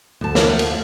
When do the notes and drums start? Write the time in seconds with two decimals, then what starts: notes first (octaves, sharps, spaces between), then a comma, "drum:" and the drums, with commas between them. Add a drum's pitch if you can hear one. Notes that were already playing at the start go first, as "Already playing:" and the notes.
0.21 D2 A5
0.35 E3 F3 G#3, drum: snare
0.48 A3 F5 F#5
0.59 drum: cymbal